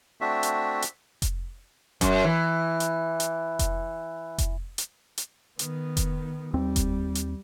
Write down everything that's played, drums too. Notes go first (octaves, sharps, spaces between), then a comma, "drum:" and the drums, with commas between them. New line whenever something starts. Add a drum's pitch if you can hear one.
A3 C4 D4 F#4 E5
drum: hi-hat
drum: hi-hat
drum: kick F1, hi-hat
F#2, drum: kick F1, hi-hat
E3
drum: hi-hat
drum: hi-hat
drum: kick F1, hi-hat
drum: kick F1, hi-hat
drum: hi-hat
drum: hi-hat
D#3 B3, drum: hi-hat
drum: kick F1, hi-hat
D#2 G3 C4
drum: kick F1, hi-hat
drum: hi-hat